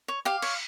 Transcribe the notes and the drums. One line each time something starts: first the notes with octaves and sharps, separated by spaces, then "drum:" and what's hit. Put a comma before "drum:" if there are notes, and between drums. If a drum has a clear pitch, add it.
C#5
G4 F5
C#5, drum: cymbal